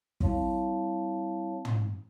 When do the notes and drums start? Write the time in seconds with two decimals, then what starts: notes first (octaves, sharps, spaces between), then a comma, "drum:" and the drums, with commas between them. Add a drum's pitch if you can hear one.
0.20 G3 C4 E4 C#5 F5 A5, drum: kick
1.65 drum: tom